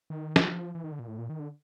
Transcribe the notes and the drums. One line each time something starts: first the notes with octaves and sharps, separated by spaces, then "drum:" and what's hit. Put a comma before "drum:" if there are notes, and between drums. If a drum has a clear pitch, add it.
D#3
E3, drum: snare
F3
E3
D#3
D3
A#2
A2
A#2
D#3
D3